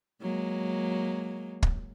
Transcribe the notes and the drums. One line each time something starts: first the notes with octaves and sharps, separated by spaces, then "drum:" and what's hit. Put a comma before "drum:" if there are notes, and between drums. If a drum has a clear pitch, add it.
F#3 G#3 A#3
drum: kick